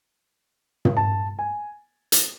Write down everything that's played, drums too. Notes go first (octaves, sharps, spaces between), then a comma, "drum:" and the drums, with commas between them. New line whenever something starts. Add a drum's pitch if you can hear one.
drum: tom
A5
G#5
drum: hi-hat